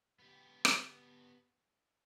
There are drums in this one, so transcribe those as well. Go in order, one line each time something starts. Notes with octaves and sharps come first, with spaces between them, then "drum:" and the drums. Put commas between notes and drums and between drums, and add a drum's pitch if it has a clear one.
B3 G4
drum: rim click